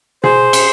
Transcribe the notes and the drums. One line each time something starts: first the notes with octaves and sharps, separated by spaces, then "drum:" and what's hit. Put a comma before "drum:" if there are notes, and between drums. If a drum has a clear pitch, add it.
G#4 C5, drum: tom B2
drum: cymbal